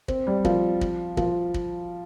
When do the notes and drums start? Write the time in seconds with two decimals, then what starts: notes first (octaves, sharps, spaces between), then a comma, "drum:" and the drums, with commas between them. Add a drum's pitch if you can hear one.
0.08 C4, drum: kick
0.27 G3
0.45 F3, drum: kick
0.81 drum: kick
1.17 F3, drum: kick
1.54 drum: kick